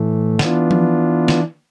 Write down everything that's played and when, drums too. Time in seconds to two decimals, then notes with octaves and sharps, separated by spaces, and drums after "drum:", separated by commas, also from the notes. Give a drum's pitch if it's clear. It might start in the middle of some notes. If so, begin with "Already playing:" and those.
Already playing: A2 E3 A3
0.39 E3 B3 D4 F4, drum: snare
0.71 drum: tom F3
1.28 drum: snare